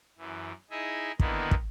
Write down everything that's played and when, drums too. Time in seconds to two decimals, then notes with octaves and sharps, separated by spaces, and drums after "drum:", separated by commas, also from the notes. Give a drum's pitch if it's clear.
0.18 F#2 E3
0.70 D#4 E4 G#4 D#5 E5
1.20 D3 D#3 A#3 B3 D#4 E4, drum: kick
1.51 drum: kick